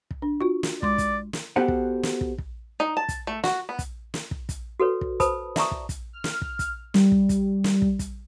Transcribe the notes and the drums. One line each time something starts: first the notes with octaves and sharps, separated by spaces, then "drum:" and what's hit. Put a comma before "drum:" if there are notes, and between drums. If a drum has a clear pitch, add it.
drum: kick
D4
F4 F#4
drum: snare
G#3 D5 C6 D6, drum: kick
drum: kick, hi-hat
drum: snare
B3 F#4 G4 A4 C5 F#5
drum: kick
drum: snare
drum: kick
drum: kick
D#4
A5
drum: kick, hi-hat
A3
F#4, drum: snare
B3
drum: kick, hi-hat
drum: snare
drum: kick
drum: kick, hi-hat
F#4 A4 B4 C#5
drum: kick
B4 C5 A5 B5 D#6, drum: kick, hi-hat
D5 E5 A5 A#5 C#6 D#6, drum: snare
drum: kick
drum: kick, hi-hat
F6
drum: snare
drum: kick
drum: kick, hi-hat
G3, drum: snare
drum: kick
drum: kick, hi-hat
drum: snare
drum: kick
drum: kick, hi-hat